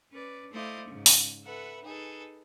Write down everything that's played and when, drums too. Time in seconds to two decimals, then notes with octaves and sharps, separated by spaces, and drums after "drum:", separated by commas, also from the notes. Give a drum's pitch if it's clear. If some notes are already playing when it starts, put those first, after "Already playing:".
0.12 C#4 B4 D5
0.51 A3 E4 C5 D5 D#5 F5
0.88 G#2 C#3
1.06 drum: open hi-hat
1.43 A4 B4 E5 F#5
1.83 D#4 G#4 A4 B4